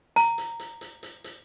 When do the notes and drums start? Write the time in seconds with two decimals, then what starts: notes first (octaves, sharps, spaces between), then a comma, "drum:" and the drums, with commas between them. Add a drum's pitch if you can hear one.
0.16 A#5, drum: hi-hat
0.38 drum: hi-hat
0.60 drum: hi-hat
0.81 drum: hi-hat
1.03 drum: hi-hat
1.24 drum: hi-hat